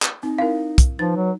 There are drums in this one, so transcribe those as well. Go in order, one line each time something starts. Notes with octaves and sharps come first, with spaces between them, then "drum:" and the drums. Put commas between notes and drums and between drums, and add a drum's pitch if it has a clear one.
drum: clap
C4 D#4
C4 E4 A#4 F5
drum: kick, hi-hat
F3 D#4 B4 A6
F#3